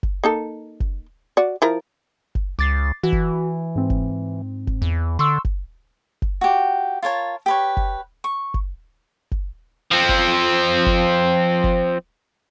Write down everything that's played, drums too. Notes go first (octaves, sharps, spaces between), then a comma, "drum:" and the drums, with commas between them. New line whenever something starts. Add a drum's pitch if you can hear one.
drum: kick F#1
A#3 D#4 A4
drum: kick F#1
F#4 D5
F3 E4 A#4
drum: kick F#1
C#2 D6 A6 C7
E3 F#4
drum: kick F#1
G#2 C4
drum: kick F#1
drum: kick F#1
E2
D3 C6 C#6 E6
drum: kick F#1
drum: kick F#1
F#4 G4
F4 A#4 C#5 A5
G4 B4 C#5
drum: kick F#1
C#6
drum: kick F#1
drum: kick F#1
F3 C4
drum: kick F#1
drum: kick F#1
drum: kick F#1